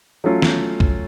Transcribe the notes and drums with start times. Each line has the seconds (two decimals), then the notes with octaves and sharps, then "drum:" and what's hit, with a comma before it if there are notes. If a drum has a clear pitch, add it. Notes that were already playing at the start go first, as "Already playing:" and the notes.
0.24 F#3 A3 C#4 F4
0.42 drum: snare
0.80 drum: kick